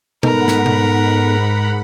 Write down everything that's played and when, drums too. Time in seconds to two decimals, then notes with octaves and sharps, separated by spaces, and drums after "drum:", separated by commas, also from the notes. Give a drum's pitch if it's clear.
0.23 G#2 B3 D#4 A4 A#4 F#5 B5, drum: tom B2
0.48 drum: snare
0.66 drum: tom B2